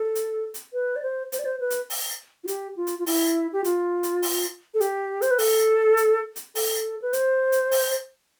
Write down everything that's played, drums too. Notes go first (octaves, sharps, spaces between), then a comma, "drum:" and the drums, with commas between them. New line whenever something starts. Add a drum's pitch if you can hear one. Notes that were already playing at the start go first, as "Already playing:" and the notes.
Already playing: A4
drum: hi-hat
drum: hi-hat
B4
D5
C5
C5, drum: hi-hat
D5
C5
B4
drum: hi-hat
drum: open hi-hat
F4
G4, drum: hi-hat
F4
drum: hi-hat
F4
E4, drum: open hi-hat
G4
F4, drum: hi-hat
drum: hi-hat
drum: open hi-hat
A4
G4, drum: hi-hat
C5, drum: hi-hat
B4
A4, drum: open hi-hat
drum: hi-hat
drum: hi-hat
A4, drum: open hi-hat
B4
C5, drum: hi-hat
drum: hi-hat
drum: open hi-hat